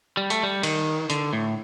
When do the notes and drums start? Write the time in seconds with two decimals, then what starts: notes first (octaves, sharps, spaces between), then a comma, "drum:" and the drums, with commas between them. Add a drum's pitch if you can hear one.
0.17 G3
0.30 A3, drum: hi-hat
0.43 G3
0.63 D#3, drum: cymbal
1.10 D3, drum: hi-hat
1.33 A2